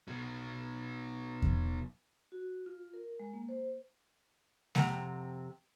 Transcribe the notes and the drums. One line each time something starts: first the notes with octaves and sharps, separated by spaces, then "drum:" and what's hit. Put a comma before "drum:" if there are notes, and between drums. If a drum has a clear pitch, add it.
B2 F#3
drum: kick E2
F#4
F4
A#4
G#3
A#3
C5
F2 C3 C4 F#5 A#5, drum: snare G#3